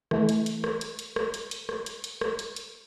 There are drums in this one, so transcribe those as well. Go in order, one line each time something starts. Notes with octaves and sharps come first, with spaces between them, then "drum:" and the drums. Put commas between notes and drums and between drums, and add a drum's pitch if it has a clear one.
E3 A3, drum: rim click
drum: hi-hat
drum: hi-hat
drum: rim click
drum: hi-hat
drum: hi-hat
drum: rim click
drum: hi-hat
drum: hi-hat
drum: rim click
drum: hi-hat
drum: hi-hat
drum: rim click
drum: hi-hat
drum: hi-hat